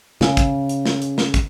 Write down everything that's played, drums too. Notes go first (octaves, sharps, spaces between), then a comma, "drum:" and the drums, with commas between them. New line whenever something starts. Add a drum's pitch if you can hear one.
C#3, drum: snare
drum: kick, hi-hat
drum: hi-hat
drum: snare
drum: hi-hat
drum: snare
drum: kick, hi-hat